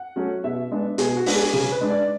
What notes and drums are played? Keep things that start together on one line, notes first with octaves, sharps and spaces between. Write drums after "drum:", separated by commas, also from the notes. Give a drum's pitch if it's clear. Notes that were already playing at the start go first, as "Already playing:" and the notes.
Already playing: F#5
F#3 A3 C#4
B2 E5
G#3 B3 D4
B2 G#4, drum: hi-hat
F#4
G#3 B3 D4, drum: open hi-hat
G#4
C#3 G#4
B4
G#3 D4
D5